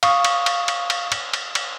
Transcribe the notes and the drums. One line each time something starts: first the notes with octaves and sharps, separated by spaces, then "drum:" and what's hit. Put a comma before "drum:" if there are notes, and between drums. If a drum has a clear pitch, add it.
F5 C#6 D#6, drum: cymbal
drum: cymbal
drum: cymbal
drum: cymbal
drum: cymbal
drum: cymbal
drum: cymbal
drum: cymbal